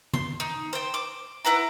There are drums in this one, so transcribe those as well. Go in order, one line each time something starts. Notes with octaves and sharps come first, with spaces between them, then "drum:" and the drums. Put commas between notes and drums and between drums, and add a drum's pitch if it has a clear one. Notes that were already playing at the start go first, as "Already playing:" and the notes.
C6, drum: tom D#3
D#4
C5 G5
D6
E4 B4 F#5 A#5